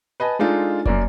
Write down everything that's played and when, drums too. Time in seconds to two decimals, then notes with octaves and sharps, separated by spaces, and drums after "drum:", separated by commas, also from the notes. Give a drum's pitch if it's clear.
0.20 B4 D#5 G#5 A5
0.39 G#3 D4 D#4 F4 A4
0.86 F#2 A#3 D5, drum: kick F1